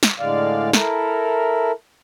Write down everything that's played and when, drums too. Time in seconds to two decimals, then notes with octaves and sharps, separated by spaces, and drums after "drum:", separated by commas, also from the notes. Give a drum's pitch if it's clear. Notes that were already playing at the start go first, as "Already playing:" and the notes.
0.03 drum: snare
0.19 A2 D3 G#3 D5 F5
0.73 E4 A4 A#4, drum: snare